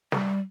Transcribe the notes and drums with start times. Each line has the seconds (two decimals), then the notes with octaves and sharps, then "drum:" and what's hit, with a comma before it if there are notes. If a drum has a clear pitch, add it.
0.12 G3, drum: snare